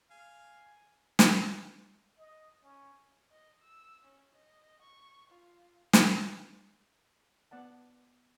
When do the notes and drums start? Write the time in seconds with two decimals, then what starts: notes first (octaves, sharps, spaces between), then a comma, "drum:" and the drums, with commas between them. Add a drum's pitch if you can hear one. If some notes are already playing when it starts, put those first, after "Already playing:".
0.10 F5 G#5
1.19 drum: snare
2.18 D#5
2.63 C#4
3.31 D#5
3.61 E6
4.05 C#4
4.34 D#5
4.82 C#6
5.29 F4
5.93 drum: snare
7.51 B3 D5 F#5 A5